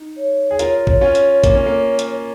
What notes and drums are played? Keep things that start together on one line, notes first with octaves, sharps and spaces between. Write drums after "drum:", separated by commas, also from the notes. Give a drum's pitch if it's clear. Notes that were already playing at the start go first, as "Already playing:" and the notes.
Already playing: D#4
C#5
G#4
F4 A#4, drum: hi-hat
drum: kick A1
C#4 F4
drum: hi-hat
A#3, drum: kick A1, hi-hat
C#4
A#3
drum: hi-hat